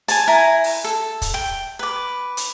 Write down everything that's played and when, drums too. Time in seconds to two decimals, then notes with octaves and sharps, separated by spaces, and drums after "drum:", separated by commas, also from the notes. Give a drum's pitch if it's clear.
0.08 G#5 A5, drum: hi-hat
0.28 E4 G#5 A#5
0.64 drum: open hi-hat
0.84 A4
1.22 drum: kick, hi-hat
1.34 G5
1.79 B4 D6
2.37 drum: hi-hat